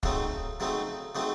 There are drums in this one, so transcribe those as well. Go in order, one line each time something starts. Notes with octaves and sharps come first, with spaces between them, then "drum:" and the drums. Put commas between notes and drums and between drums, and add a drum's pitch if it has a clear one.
C#3 F#3 A3 C4 D#4, drum: kick
C#3 F#3 A3 C4 D#4
C#3 F#3 A3 C4 D#4